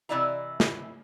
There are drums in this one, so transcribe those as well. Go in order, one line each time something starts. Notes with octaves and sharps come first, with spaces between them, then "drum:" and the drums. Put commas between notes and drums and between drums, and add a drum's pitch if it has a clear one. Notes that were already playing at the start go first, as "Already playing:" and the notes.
C3 E3 E4 D5 D#5 A#5
drum: snare